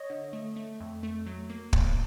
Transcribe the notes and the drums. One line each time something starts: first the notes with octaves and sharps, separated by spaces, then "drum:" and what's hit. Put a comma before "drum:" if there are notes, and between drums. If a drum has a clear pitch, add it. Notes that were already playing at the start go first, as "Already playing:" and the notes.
Already playing: C#5 D#5
D3
A3
A3
F2
A3
F#3
A#3
A2, drum: kick